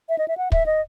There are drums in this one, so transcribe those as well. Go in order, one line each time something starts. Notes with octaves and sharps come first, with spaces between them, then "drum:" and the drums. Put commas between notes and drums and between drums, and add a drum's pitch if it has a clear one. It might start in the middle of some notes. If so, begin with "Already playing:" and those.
E5
D#5
E5
F#5
E5, drum: kick
D#5